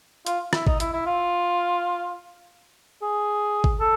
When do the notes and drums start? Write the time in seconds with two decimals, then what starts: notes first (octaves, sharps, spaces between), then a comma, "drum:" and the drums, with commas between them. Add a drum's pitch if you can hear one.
0.26 F4, drum: hi-hat
0.53 E4, drum: rim click
0.67 D#4, drum: kick G#1
0.80 E4, drum: hi-hat
0.93 E4
1.06 F4
3.02 G#4
3.64 drum: kick G#1
3.80 A4